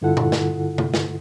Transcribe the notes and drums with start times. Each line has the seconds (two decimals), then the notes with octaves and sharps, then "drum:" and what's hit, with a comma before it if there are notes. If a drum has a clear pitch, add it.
0.02 G2 D3 E4 F4 A4 F#5
0.17 drum: tom A#2
0.32 drum: snare
0.78 drum: tom C3
0.94 drum: snare